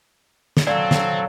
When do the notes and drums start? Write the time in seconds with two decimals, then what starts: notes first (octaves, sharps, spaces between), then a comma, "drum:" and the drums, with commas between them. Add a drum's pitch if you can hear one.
0.57 drum: snare
0.67 F#3 C4 A4 D5 F5
0.91 drum: snare